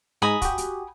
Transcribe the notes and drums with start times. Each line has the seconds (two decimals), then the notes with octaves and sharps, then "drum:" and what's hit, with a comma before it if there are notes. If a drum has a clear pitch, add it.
0.22 G#2 G#3 G#5 A#5 B5 D#6
0.42 F#4 G4, drum: kick, hi-hat
0.58 drum: hi-hat